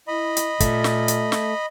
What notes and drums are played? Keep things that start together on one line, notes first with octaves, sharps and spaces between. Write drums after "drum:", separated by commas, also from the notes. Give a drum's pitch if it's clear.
E4 D#5 B5
drum: hi-hat
A#2 A3, drum: kick, hi-hat
drum: snare
drum: hi-hat
drum: snare